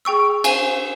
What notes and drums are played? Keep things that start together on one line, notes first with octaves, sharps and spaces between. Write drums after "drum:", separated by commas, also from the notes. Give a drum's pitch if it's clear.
G#4 G5 C#6 E6
C5 F5 G#5, drum: cymbal